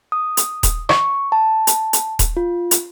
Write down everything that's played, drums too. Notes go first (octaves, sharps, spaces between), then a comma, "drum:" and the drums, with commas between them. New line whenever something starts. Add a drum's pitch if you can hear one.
D#6
drum: hi-hat
drum: kick D#1, hi-hat
C#6, drum: rim click
A5
drum: hi-hat
drum: hi-hat
drum: kick D#1, hi-hat
F4
drum: hi-hat